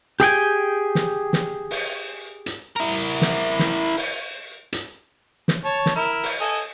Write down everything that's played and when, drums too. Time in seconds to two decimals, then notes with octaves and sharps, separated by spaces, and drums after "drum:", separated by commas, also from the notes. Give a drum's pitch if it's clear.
0.20 G4 G#4 G5 G#5, drum: hi-hat
0.95 drum: snare
1.33 drum: snare
1.71 drum: open hi-hat
2.46 drum: hi-hat
2.76 E4 A#4
3.22 drum: snare
3.59 drum: snare
3.97 drum: open hi-hat
4.73 drum: hi-hat
5.48 drum: snare
5.65 C#5 A5
5.86 drum: snare
5.96 E4 A#4
6.23 drum: open hi-hat
6.41 A4 D#5 G#5